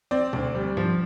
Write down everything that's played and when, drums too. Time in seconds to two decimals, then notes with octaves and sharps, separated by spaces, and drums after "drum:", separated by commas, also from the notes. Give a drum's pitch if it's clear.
0.11 C4 D5
0.33 D2, drum: tom
0.55 G3
0.77 F3, drum: tom